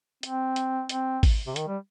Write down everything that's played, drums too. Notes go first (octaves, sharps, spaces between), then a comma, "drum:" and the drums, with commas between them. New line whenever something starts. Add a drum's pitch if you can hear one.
C4, drum: hi-hat
drum: hi-hat
C4, drum: hi-hat
drum: kick G#1, open hi-hat
C3
D#3, drum: hi-hat
G3